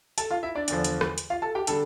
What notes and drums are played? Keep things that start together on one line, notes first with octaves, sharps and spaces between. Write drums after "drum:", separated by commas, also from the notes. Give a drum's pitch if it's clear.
A4 A5, drum: hi-hat
F4 F5
E4 E5
D4 D5
E2 D3 F3, drum: hi-hat
drum: hi-hat
drum: rim click
drum: hi-hat
F4 F5
A4 A5
G4 G5
D3 G3 A4 A5, drum: hi-hat